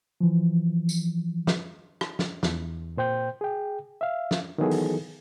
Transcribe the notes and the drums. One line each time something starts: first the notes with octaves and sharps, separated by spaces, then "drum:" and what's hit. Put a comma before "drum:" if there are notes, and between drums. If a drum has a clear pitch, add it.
E3 F3
drum: tambourine
drum: snare
drum: rim click
drum: snare
E2, drum: snare
A#2 C5 G5 G6
G#4 G5
E5 F5
drum: snare
D#3 E3 F#3 B3 G#4 A4
drum: open hi-hat